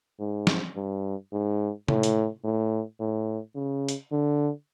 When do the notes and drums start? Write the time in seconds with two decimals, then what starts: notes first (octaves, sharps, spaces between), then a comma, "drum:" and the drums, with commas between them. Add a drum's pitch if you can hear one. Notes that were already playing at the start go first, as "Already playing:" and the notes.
0.20 G#2
0.47 drum: snare
0.76 G2
1.33 G#2
1.88 A2, drum: tom C3
2.03 drum: hi-hat
2.44 A2
3.00 A2
3.55 C#3
3.89 drum: hi-hat
4.12 D3